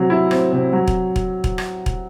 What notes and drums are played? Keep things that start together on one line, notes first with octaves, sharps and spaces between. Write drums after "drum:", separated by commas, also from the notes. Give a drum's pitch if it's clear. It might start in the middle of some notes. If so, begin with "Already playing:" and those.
Already playing: C3 F#3 C4
E4
C4, drum: rim click
C3
F#3
drum: kick E1
drum: kick E1
drum: kick E1
drum: rim click
drum: kick E1